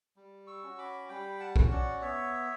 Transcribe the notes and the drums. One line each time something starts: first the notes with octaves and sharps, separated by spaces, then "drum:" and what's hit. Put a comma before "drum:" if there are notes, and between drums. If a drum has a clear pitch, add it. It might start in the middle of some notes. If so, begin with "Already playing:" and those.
G3
C#6 E6
C#4 F#4
B5 D6
G3 G5 B5
F#5 A5
C#4 F#4, drum: kick A#1
D5 F#5
B3 C#5 E5